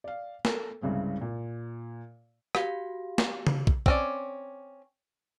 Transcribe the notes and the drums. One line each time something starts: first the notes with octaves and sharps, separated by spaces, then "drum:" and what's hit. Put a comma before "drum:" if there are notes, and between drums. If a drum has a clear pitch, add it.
D5 F5
A4 A#4, drum: snare
C2 G2 C#3 G#3 C4
A#2
F#4 G4 F5, drum: rim click
drum: snare
drum: tom C#3
drum: kick
C4 C#4 D5, drum: kick